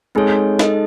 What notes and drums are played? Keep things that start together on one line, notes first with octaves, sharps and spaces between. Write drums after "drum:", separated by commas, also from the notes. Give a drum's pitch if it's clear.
G#3 C4 D#4 A4 C#5
D#4 A4 D#5, drum: snare